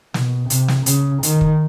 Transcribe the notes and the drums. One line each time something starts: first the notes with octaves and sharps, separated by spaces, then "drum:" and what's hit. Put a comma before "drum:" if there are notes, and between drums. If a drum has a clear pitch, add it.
B2, drum: snare
C3, drum: hi-hat
drum: snare
C#3, drum: hi-hat
D#3, drum: hi-hat
drum: kick